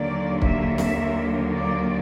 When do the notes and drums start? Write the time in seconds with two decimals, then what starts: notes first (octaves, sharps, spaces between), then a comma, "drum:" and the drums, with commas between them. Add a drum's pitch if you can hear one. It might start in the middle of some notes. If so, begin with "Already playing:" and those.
Already playing: D#2 D3 F#3 A#3 D5
0.42 E5, drum: kick
0.78 E5, drum: snare C4
1.53 D5